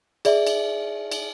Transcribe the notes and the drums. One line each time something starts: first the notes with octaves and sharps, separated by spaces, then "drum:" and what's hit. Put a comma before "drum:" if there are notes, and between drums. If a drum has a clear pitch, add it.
G#4 D5 E5, drum: cymbal
drum: cymbal
drum: cymbal